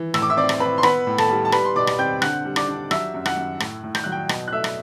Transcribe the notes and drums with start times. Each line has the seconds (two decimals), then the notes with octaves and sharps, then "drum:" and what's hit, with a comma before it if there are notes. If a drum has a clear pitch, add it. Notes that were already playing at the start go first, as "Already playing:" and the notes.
Already playing: E3
0.14 A2 E6, drum: rim click
0.22 D6
0.30 E5 E6
0.37 C4 D5 D6
0.49 drum: rim click
0.60 C4 B4 B5
0.78 C6
0.83 B3 B4 B5, drum: rim click
1.07 A2
1.18 A4 A5, drum: rim click
1.30 G3
1.45 A5
1.52 G3 B4 B5, drum: rim click
1.65 C6
1.76 B2 D5 D6
1.87 drum: rim click
1.99 C4 G5 G6
2.22 D3 F#5 F#6, drum: rim click
2.45 G3
2.56 D5 D6, drum: rim click
2.68 D4
2.91 F#3 E5 E6, drum: rim click
3.14 F#2
3.26 F#5 F#6, drum: rim click
3.37 F#2
3.60 A2, drum: rim click
3.84 A2
3.95 G6, drum: rim click
4.04 F#3 F#6
4.12 G5 G6
4.29 B2, drum: rim click
4.48 F#6
4.52 A3 E5 E6
4.64 drum: rim click